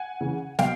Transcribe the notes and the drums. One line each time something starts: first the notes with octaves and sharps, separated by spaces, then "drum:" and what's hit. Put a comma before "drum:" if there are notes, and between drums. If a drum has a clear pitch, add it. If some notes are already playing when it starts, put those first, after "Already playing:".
Already playing: F#5 G#5
C#3 E3
B2 F5 G5, drum: snare